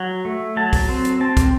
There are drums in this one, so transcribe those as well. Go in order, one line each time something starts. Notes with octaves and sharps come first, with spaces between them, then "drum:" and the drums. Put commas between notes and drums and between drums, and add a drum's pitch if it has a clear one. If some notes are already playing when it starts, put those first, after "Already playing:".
Already playing: F#3
A3
F#3 A5
drum: kick, open hi-hat
C4
drum: hi-hat
C4 A5
drum: kick, hi-hat